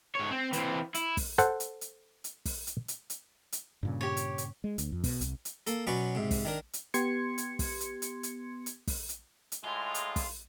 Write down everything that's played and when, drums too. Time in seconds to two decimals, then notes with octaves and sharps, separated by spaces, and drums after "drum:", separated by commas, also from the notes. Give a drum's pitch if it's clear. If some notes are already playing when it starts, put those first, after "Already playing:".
0.15 G#2 C#5
0.31 C4
0.53 E3 C4, drum: hi-hat
0.94 E4, drum: hi-hat
1.17 drum: kick, open hi-hat
1.38 A4 C5 F#5, drum: hi-hat
1.60 drum: hi-hat
1.81 drum: hi-hat
2.24 drum: hi-hat
2.45 drum: kick, open hi-hat
2.67 drum: hi-hat
2.88 drum: hi-hat
3.10 drum: hi-hat
3.52 drum: hi-hat
3.83 G2 A#2 C#3
4.01 G4 C#5
4.17 drum: hi-hat
4.38 drum: hi-hat
4.64 G#3
4.78 D2, drum: hi-hat
4.92 F2
5.04 B2, drum: kick, open hi-hat
5.21 C2, drum: hi-hat
5.45 drum: hi-hat
5.67 A#3 A4, drum: hi-hat
5.87 B2 F#3 C#4 B4 D5 C#6
6.15 G#2 C3
6.31 drum: kick, open hi-hat
6.45 D#3 D4 A#4
6.73 drum: hi-hat
6.94 B3 G4 C6 G#6 C#7, drum: hi-hat
7.38 drum: hi-hat
7.59 drum: kick, open hi-hat
7.80 drum: hi-hat
8.02 drum: hi-hat
8.23 drum: hi-hat
8.66 drum: hi-hat
8.87 drum: kick, open hi-hat
9.09 drum: hi-hat
9.52 drum: hi-hat
9.64 A2 G#3 F4
9.94 drum: hi-hat
10.16 drum: kick, open hi-hat